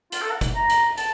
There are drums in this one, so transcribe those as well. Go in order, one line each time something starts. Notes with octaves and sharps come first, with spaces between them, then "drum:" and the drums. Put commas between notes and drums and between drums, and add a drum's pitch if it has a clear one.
F4, drum: hi-hat
A4
F#5
drum: kick, hi-hat
A#5
drum: hi-hat
A5, drum: hi-hat